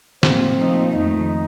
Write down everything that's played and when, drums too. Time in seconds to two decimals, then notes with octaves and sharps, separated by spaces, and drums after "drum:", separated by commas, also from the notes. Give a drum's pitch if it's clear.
0.23 A2 F3 A#3 C4, drum: snare
0.58 A#2 F3 A3 D#4
0.93 F2 D#3 A3 D#4